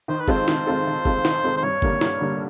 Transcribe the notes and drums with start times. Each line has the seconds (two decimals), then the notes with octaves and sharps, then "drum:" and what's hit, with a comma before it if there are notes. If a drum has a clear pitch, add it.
0.08 D#3 C5
0.20 B4
0.28 G#3 C4 F4 A4 C5, drum: kick F#1
0.48 D#3, drum: snare
0.67 G#3 C4 F4 A4
0.86 D#3
1.05 G#3 C4 F4 A4, drum: kick F#1
1.25 D#3, drum: snare
1.44 G#3 C4 F4 A4
1.57 C5
1.63 G2 C#5
1.82 D3 G3 A#3, drum: kick F#1
2.01 G2, drum: snare
2.20 D3 G3 A#3